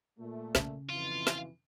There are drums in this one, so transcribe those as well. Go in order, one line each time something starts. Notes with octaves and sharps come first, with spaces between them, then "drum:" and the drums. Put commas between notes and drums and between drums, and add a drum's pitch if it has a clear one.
A#2 A3
C#3 C#4, drum: snare
F2 B2 E3 F4
drum: snare